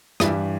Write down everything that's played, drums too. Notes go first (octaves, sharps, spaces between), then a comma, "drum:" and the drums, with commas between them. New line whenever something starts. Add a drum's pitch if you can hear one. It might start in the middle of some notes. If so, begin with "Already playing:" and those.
G2 E3 G3 E4, drum: rim click